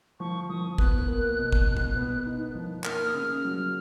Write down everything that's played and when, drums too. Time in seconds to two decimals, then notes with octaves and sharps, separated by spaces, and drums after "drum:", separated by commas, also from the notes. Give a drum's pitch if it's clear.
0.20 F3 C#6
0.49 F3 D#6
0.78 B3 F#6, drum: kick
1.08 A#3
1.37 B2
1.52 drum: kick
1.68 B2
1.77 drum: tom A#2
1.96 B3
2.26 D#4
2.55 F3
2.84 A#3 F6, drum: clap
3.07 D#6
3.14 C#3 F6
3.43 F#3 F6